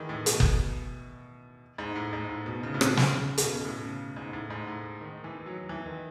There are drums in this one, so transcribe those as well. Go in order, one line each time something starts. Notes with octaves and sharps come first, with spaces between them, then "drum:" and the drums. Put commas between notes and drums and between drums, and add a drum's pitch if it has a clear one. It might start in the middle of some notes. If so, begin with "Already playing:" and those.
Already playing: D#3 E3 G#3
A2
B2, drum: hi-hat
drum: kick F#1
G#2
A2
G#2
A2
B2
C#3
A2
B2, drum: rim click
C#3, drum: snare
C#3
C#3, drum: hi-hat
B2
A2
C#3
G#2
A2
G#2
A2
D#3
E3
F#3
E3
D#3